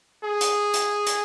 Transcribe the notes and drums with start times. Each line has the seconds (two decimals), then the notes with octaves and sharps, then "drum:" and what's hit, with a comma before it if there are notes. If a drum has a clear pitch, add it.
0.24 G#4
0.41 drum: hi-hat
0.74 drum: hi-hat
1.07 drum: hi-hat